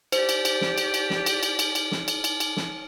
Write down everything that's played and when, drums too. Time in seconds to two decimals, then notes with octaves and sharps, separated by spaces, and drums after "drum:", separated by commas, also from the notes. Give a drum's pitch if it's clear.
0.12 G4 C5 D5, drum: cymbal
0.29 drum: cymbal
0.45 drum: cymbal
0.61 drum: snare
0.78 drum: cymbal
0.94 drum: cymbal
1.10 drum: snare
1.26 drum: cymbal
1.43 drum: cymbal
1.59 drum: cymbal
1.75 drum: cymbal
1.92 drum: snare
2.08 drum: cymbal
2.24 drum: cymbal
2.40 drum: cymbal
2.57 drum: snare